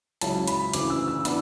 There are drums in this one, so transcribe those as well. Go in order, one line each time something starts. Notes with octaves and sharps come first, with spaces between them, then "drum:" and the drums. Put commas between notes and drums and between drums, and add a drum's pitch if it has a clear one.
C#2 C#3 F#3 C#4 E4 A5, drum: hi-hat
B5, drum: hi-hat
D2 C#3 E3 D6, drum: hi-hat
E6
E6
E3 B3 D4 E6, drum: hi-hat